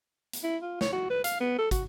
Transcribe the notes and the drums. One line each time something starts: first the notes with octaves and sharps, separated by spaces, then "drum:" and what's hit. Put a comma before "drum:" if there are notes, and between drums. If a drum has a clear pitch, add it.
drum: hi-hat
E4
F4
C#5, drum: snare
F#4
B4
F5, drum: hi-hat
B3
A4
F#4, drum: kick, hi-hat